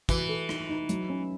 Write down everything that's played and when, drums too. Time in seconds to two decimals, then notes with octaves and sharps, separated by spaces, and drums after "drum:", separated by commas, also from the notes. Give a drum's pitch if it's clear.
0.09 E3 F#4, drum: kick, hi-hat
0.29 A4
0.49 D#4, drum: rim click
0.69 D#4
0.89 F#3, drum: hi-hat
1.09 C#4